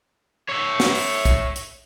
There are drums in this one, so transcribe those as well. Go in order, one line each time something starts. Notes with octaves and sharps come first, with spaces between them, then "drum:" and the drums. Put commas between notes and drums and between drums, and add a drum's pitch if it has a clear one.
C#5 E5
drum: snare
drum: open hi-hat
drum: kick, hi-hat
drum: hi-hat